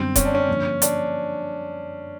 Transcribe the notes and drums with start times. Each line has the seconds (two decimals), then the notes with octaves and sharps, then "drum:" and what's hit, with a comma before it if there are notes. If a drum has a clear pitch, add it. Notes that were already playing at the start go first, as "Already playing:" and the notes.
Already playing: F#2 D3 G3 B3 C4
0.16 C#4, drum: kick E1, hi-hat
0.25 D4
0.35 C#4
0.48 G2 D3 F3 A#3
0.82 D4, drum: hi-hat